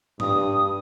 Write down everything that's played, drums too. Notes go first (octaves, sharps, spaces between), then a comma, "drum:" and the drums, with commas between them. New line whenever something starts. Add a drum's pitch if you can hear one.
G2 D#6, drum: tom G#2